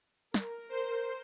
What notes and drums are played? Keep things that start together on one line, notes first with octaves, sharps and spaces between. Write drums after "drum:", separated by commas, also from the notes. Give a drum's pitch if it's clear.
A#4, drum: snare
C5